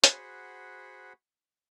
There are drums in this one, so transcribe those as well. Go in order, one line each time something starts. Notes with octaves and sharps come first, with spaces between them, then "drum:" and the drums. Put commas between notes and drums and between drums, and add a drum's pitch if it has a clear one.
F#4 G#4 C5 F#5 B5, drum: hi-hat